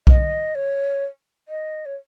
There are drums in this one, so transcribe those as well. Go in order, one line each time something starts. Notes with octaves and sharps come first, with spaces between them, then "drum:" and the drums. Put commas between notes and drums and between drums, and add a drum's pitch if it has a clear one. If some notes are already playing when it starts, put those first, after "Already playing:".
D#5, drum: kick B1
C#5
D#5
C#5